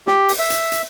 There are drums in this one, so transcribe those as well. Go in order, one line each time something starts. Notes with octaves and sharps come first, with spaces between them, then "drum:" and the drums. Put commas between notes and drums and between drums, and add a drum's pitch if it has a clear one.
G4, drum: snare
drum: open hi-hat
E5
drum: hi-hat
drum: hi-hat